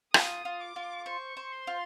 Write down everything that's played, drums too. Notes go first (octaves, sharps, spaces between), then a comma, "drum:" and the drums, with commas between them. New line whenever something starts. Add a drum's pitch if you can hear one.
F4 D#6, drum: rim click
F4
D6
F4
C5 C#6
C5
C6
F4